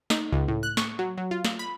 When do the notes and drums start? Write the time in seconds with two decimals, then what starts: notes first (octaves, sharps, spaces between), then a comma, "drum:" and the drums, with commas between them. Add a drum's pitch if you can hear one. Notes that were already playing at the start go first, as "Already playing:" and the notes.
0.10 D#4, drum: snare
0.33 C#2
0.48 A2
0.63 F#6
0.77 C#6, drum: snare
0.99 F#3
1.18 F#3
1.31 F4
1.45 drum: snare
1.59 B5